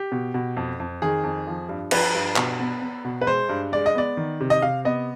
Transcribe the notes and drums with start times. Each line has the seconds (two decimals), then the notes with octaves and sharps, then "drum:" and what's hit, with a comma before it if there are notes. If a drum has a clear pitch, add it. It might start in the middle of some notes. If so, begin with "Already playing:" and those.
Already playing: G4
0.12 B2
0.34 B2
0.57 F2
0.80 F2
1.02 D#3 G#4
1.24 F2
1.47 F3
1.69 G2
1.91 F3 B4, drum: cymbal
2.15 G2
2.36 B2, drum: clap
2.59 B3
2.81 B3
3.05 B2
3.21 B4
3.27 G#3 C5
3.49 G2
3.72 G#3 D5
3.86 D#5
3.95 B3 D5
4.17 D#3
4.41 C3
4.50 D#5
4.62 C3 F5
4.85 B3 D#5